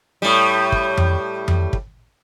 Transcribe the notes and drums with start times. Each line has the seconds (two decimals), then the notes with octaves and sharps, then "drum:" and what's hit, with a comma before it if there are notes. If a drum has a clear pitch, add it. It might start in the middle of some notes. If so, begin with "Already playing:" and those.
0.22 A2 G3
0.72 drum: kick
0.97 drum: tom F2
1.48 drum: tom F2
1.73 drum: kick